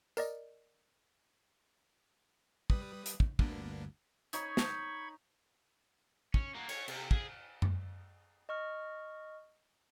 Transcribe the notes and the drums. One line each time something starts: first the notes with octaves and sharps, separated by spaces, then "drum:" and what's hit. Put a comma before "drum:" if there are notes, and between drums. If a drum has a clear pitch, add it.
A#4 D5 D#5, drum: tambourine
G3 B4 D#6, drum: kick
drum: hi-hat
drum: kick
G1 D2 G2 A#3 B3 D4, drum: kick
D#4 C#5 B5 C#6 G#6, drum: hi-hat
drum: snare
C#4, drum: kick
A#3 F#4
C#5, drum: cymbal
C3, drum: cymbal
G#4, drum: kick
drum: tom F#2
D#5 C#6 F6